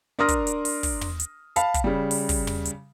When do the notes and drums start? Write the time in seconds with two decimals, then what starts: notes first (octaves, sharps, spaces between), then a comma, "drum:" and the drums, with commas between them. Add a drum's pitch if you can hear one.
0.19 D4 A#4 C6 D#6 F6 A#6
0.28 drum: kick, hi-hat
0.47 drum: hi-hat
0.65 drum: open hi-hat
0.83 drum: kick, open hi-hat
1.01 drum: tom
1.20 drum: hi-hat
1.56 F5 A5 B5, drum: hi-hat
1.74 drum: kick, hi-hat
1.84 C#3 G3
2.11 drum: open hi-hat
2.29 drum: kick, open hi-hat
2.47 drum: tom
2.65 drum: hi-hat